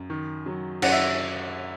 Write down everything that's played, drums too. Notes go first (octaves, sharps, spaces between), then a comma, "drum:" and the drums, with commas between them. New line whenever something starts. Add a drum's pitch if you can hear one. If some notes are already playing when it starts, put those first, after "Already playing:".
Already playing: F#2
D#3
F#3
F#2 F#5, drum: cymbal
E5